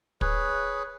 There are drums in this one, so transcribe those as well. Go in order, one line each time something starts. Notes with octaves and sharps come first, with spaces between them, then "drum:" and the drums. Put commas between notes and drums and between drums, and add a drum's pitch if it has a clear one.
G#4 B4 C#5, drum: kick